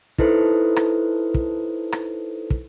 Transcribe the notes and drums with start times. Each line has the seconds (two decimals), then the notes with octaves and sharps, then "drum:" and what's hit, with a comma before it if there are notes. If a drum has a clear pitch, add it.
0.18 D#4 E4 A4 B4 C5, drum: kick
0.76 drum: rim click
1.34 drum: kick
1.92 drum: rim click
2.50 drum: kick